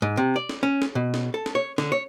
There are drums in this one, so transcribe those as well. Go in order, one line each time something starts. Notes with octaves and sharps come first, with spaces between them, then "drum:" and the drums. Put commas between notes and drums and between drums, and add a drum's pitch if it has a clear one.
G#2
C3
D5
drum: snare
C#4
drum: snare
B2
drum: snare
A4
drum: snare
C#5
D3, drum: snare
C#5